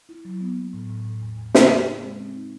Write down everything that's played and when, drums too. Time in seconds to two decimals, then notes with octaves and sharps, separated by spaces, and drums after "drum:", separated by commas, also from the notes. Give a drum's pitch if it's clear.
0.09 E4
0.25 F#3
0.41 B3
0.57 A#3
0.73 A2
0.90 A2
1.05 A2
1.22 E2
1.38 E2
1.55 C#3, drum: snare
1.71 E2
1.87 C4
2.03 G#3
2.19 C4
2.35 D#4